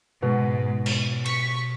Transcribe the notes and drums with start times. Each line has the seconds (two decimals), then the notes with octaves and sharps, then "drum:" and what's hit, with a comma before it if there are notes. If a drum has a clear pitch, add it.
0.22 G#2 B2
0.86 drum: cymbal
1.26 C#6 B6, drum: cymbal